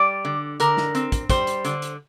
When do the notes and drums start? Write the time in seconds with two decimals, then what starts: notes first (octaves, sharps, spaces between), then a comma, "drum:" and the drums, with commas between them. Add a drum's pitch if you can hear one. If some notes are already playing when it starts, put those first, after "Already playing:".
Already playing: G3 D5
0.25 D3
0.60 D3 A#4, drum: hi-hat
0.77 drum: snare
0.95 C4, drum: hi-hat
1.12 drum: kick, hi-hat
1.30 G3 C5, drum: kick, hi-hat
1.47 drum: hi-hat
1.65 D3, drum: hi-hat
1.82 drum: hi-hat